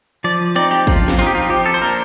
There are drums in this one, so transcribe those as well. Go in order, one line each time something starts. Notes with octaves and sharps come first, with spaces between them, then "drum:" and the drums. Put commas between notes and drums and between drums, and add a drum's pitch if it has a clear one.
F3 D5
C4 D#4 D5
G4
F3 F4, drum: kick
drum: snare
C4 D#4 F4
G4
F4
F3 G4
A4
C5
A#3 D4 A#4